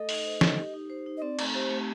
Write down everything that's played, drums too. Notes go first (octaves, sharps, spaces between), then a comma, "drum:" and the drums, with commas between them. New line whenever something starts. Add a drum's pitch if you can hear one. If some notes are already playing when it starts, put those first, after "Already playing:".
Already playing: A3 A4 D#5
D#4, drum: open hi-hat
C5
D#4, drum: snare
G4
D#4
C5
D#4
D#5
C4 D5
A3, drum: cymbal
G4 C5
A3